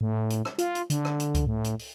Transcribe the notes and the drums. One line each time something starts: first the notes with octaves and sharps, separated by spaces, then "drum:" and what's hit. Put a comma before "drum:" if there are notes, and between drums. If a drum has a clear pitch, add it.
A2
drum: hi-hat
drum: rim click
F4, drum: hi-hat
drum: hi-hat
D3, drum: hi-hat
drum: rim click
drum: hi-hat
drum: kick C#2, hi-hat
A2
drum: hi-hat
drum: open hi-hat